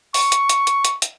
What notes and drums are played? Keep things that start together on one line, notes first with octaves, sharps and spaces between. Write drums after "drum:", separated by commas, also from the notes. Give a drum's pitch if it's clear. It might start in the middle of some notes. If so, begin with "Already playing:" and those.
C#6, drum: open hi-hat
drum: hi-hat
drum: hi-hat
drum: hi-hat
drum: hi-hat
drum: hi-hat